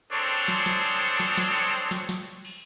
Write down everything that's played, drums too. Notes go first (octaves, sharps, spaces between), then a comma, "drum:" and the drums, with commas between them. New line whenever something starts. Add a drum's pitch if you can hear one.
C4 D4 G#4 A4 C5 C#5, drum: cymbal
drum: cymbal
drum: snare
drum: snare
drum: cymbal
drum: cymbal
drum: snare
drum: snare
drum: cymbal
drum: cymbal
drum: snare
drum: snare
drum: cymbal